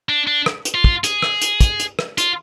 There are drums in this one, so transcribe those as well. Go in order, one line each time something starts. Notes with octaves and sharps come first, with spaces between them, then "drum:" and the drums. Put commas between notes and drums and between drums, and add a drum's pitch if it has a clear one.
D4
D4
drum: rim click
drum: hi-hat
F4
drum: kick
G#4, drum: hi-hat
drum: rim click
drum: hi-hat
drum: kick, hi-hat
drum: hi-hat
drum: rim click
F4, drum: hi-hat